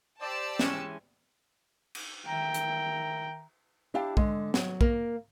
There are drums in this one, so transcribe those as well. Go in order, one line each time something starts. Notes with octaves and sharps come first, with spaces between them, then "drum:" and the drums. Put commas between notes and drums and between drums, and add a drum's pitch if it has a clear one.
G4 C5 D5 A5 E6
E3 G#3 C#4, drum: snare
drum: cymbal
D#3 E5 G5 A#5
drum: hi-hat
D4 E4 G4 F5 A5
D3 G#3, drum: kick
F#3, drum: snare
A#3 A#4, drum: kick